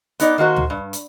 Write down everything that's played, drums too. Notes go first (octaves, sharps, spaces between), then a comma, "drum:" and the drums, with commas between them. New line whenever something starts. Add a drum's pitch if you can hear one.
B3 D#4 D5, drum: hi-hat
D#3 A#3 F#4 C5
drum: tom
G2
drum: hi-hat